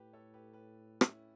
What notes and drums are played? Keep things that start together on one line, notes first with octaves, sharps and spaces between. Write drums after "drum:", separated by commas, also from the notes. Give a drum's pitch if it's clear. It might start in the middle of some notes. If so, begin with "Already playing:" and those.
Already playing: A2 G4 B4
A4 C#5
G4 B4
G4 B4
C#4 E4, drum: rim click